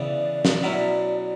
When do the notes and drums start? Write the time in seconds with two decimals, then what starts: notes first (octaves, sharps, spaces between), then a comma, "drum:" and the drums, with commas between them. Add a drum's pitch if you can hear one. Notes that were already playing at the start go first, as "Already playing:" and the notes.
Already playing: C#3 E3 B3 D5
0.45 drum: snare
0.63 B2 F#3 C#4 E4